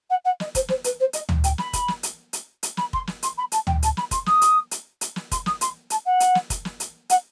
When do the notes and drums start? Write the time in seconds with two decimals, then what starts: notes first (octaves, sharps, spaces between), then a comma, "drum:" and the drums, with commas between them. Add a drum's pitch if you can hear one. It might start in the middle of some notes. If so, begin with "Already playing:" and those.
0.09 F#5
0.24 F#5
0.40 D#5, drum: snare
0.55 C5, drum: kick, hi-hat
0.68 C5, drum: snare
0.84 B4, drum: hi-hat
0.99 C5
1.13 D#5, drum: hi-hat
1.29 drum: tom
1.44 G5, drum: hi-hat
1.58 B5, drum: snare
1.73 drum: kick, hi-hat
1.88 drum: snare
2.03 drum: hi-hat
2.33 drum: hi-hat
2.63 drum: hi-hat
2.77 B5, drum: snare
2.93 C6, drum: kick
3.07 drum: snare
3.23 C6, drum: hi-hat
3.37 B5
3.52 A5, drum: hi-hat
3.67 G5, drum: tom
3.83 A5, drum: hi-hat
3.97 B5, drum: snare
4.11 C6, drum: kick, hi-hat
4.26 D#6, drum: snare
4.42 drum: hi-hat
4.71 drum: hi-hat
5.01 drum: hi-hat
5.16 drum: snare
5.32 C6, drum: kick, hi-hat
5.46 D#6, drum: snare
5.61 C6, drum: hi-hat
5.90 A5, drum: hi-hat
6.05 F#5
6.20 drum: hi-hat
6.35 drum: snare
6.50 drum: kick, hi-hat
6.65 drum: snare
6.80 drum: hi-hat
7.10 F#5, drum: hi-hat